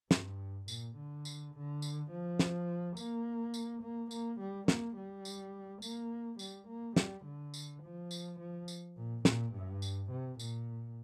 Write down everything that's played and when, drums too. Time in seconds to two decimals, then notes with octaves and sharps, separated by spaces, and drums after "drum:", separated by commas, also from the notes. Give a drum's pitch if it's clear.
0.11 G2, drum: snare
0.68 A#2, drum: tambourine
0.96 D3
1.25 drum: tambourine
1.54 D3
1.82 drum: tambourine
2.11 F3
2.39 drum: snare
2.97 A#3, drum: tambourine
3.54 drum: tambourine
3.82 A#3
4.11 A#3, drum: tambourine
4.40 G3
4.68 A#3, drum: snare
4.96 G3
5.25 drum: tambourine
5.82 A#3, drum: tambourine
6.39 G3, drum: tambourine
6.68 A#3
6.96 G3, drum: snare
7.25 D3
7.54 drum: tambourine
7.83 F3
8.11 drum: tambourine
8.40 F3
8.68 drum: tambourine
8.97 A#2
9.25 A#2, drum: snare
9.54 G2
9.82 drum: tambourine
10.11 C3
10.39 A#2, drum: tambourine